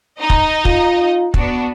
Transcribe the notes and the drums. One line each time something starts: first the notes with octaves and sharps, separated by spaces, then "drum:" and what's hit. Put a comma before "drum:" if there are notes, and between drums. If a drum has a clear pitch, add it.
D#4 D#5
drum: kick
F4, drum: kick
B3 D4 F#4, drum: kick